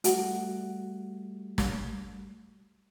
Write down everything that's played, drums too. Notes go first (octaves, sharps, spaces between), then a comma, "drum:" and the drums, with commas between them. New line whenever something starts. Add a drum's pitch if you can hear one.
G3 A3 F#4, drum: hi-hat
drum: snare